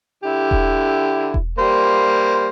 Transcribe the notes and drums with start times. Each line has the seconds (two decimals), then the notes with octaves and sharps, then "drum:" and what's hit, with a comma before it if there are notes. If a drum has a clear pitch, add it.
0.23 D3 E4 G4
0.51 drum: kick E1
1.34 drum: kick E1
1.58 G3 A#3 C5